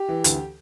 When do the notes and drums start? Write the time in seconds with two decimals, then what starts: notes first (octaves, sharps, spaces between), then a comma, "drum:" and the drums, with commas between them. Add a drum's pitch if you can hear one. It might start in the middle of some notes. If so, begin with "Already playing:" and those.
Already playing: G4
0.09 E3
0.24 D2, drum: hi-hat